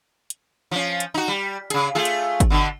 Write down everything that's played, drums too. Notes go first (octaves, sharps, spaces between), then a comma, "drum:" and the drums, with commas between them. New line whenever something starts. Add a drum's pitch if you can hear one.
drum: hi-hat
F3 C#4
drum: hi-hat
D#4 F#4
G3
C#3 G#4, drum: hi-hat
A3 F4 G#4
drum: hi-hat
drum: kick, hi-hat
B2 D3